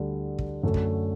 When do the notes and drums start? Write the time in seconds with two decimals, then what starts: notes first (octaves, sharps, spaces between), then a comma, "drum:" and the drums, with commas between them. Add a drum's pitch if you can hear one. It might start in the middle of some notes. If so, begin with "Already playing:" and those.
Already playing: D2 D3 G3
0.39 drum: kick
0.63 F#2 D3 A3
0.74 drum: kick